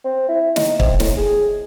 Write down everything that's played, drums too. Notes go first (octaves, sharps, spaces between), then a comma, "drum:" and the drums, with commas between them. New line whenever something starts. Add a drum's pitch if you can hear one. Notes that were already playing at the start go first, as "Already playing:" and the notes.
C4
E4
D#4, drum: snare
C4, drum: kick
A2, drum: snare
G#4